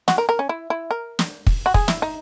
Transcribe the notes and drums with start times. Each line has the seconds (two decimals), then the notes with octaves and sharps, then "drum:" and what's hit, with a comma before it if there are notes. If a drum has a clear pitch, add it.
0.08 F#4, drum: snare
0.18 A#4
0.29 A#4
0.39 C#4
0.49 E4
0.70 E4
0.91 A#4
1.19 drum: snare
1.47 drum: kick
1.66 F#4
1.74 G#4, drum: kick
1.88 E4, drum: snare
2.02 D#4